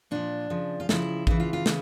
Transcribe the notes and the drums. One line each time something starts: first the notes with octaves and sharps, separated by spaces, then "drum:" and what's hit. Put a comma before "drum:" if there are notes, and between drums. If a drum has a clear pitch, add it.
A#2 F3 D4
C#3 F3
F4
C#3 F3 E4, drum: snare
C#3 E3 E4, drum: kick A1
F4
F4
C#3 E3, drum: snare